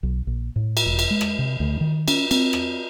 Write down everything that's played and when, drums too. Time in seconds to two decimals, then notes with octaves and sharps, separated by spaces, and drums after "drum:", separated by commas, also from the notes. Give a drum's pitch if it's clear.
0.03 B1
0.27 A#1
0.56 A2
0.77 drum: cymbal
0.86 E1
0.99 drum: cymbal
1.11 G#3
1.21 drum: rim click
1.39 C3
1.60 D2
1.81 D#3
2.08 C#4, drum: cymbal
2.31 C4, drum: cymbal
2.53 drum: rim click